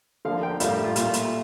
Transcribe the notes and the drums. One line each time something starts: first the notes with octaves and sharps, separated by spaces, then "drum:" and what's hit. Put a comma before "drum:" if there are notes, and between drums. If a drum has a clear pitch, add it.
D3 F3 A#3 F5
G5
A2 G3 A#3 F5, drum: hi-hat
G4
F4
A#2 A3 F4, drum: hi-hat
drum: hi-hat